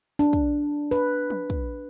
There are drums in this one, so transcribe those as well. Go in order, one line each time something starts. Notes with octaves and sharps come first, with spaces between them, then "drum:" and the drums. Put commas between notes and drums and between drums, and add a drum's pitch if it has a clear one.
D4
drum: kick
B4
drum: tom
drum: kick